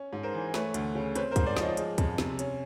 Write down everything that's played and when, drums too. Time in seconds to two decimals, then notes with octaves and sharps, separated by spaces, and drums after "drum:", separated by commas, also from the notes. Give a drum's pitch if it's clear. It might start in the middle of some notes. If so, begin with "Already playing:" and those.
Already playing: C#4
0.13 G#2
0.23 A#4 C5
0.34 E3
0.54 A3 B4 C#5, drum: snare
0.74 D2, drum: hi-hat
0.95 C#3
1.16 C4 B4 C#5, drum: hi-hat
1.31 A#4 C5
1.36 G#2, drum: kick, hi-hat
1.46 C5 D5
1.57 F3, drum: snare
1.62 C#5 D#5
1.77 G#3, drum: hi-hat
1.98 F2, drum: kick, hi-hat
2.18 C3, drum: snare
2.39 C#4, drum: hi-hat